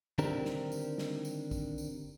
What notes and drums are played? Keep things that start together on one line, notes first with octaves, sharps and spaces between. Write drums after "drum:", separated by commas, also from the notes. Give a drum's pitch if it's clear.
D3 D#3 C4 D4 G4 A#4, drum: tambourine
drum: snare
drum: tambourine
drum: snare
drum: tambourine
drum: kick, tambourine
drum: tambourine